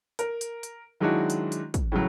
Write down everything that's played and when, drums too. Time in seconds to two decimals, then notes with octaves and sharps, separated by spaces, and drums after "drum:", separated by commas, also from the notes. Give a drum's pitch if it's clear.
0.19 A#4, drum: hi-hat
0.41 drum: hi-hat
0.63 drum: hi-hat
1.00 D#3 F#3 G#3 D4 E4 F#4
1.30 drum: hi-hat
1.52 drum: hi-hat
1.74 drum: kick, hi-hat
1.92 A2 C#3 E3 F#3